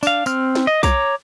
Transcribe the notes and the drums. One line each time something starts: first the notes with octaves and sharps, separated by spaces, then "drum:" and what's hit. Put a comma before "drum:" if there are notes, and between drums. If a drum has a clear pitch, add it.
D4 F5, drum: tambourine
C4 F6, drum: tambourine
drum: snare
D#5
C#5 A#5 D6, drum: kick B1, tambourine